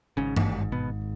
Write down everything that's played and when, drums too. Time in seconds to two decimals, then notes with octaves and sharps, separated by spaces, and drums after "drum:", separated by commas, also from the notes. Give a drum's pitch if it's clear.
0.17 G#1 G#2 C#3 C#4
0.36 drum: tom G2
0.72 B2 B3